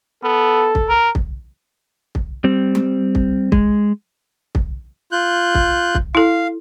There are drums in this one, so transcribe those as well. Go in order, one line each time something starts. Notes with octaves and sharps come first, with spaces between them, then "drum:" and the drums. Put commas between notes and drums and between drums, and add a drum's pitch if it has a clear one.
B3 A4
drum: kick
A#4
drum: kick
drum: kick
G3 C4
drum: tom G3
drum: kick
G#3, drum: kick
drum: kick
F4 F#6 G6
drum: kick
drum: kick
E4 A4 F5